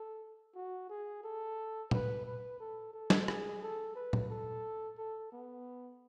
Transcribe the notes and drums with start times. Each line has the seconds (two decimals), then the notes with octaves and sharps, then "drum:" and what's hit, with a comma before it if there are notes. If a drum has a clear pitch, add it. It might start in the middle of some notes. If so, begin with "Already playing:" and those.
Already playing: A4
0.55 F#4
0.89 G#4
1.24 A4
1.91 B4, drum: tom A#2
2.26 B4
2.60 A4
2.93 A4
3.10 drum: snare
3.28 G#4, drum: rim click
3.62 A4
3.96 B4
4.13 drum: tom A#2
4.30 A4
4.98 A4
5.32 B3